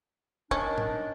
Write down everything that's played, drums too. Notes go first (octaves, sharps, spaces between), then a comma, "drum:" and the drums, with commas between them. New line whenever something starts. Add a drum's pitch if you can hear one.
D#3 C#4 D4, drum: kick
drum: tom A2